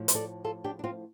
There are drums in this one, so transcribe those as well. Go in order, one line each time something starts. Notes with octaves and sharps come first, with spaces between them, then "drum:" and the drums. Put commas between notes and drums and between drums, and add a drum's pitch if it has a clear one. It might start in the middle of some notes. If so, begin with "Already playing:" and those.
Already playing: A2 F3
C5, drum: hi-hat
A4 D5
F4 A4
D4 G4
D4
C4 F4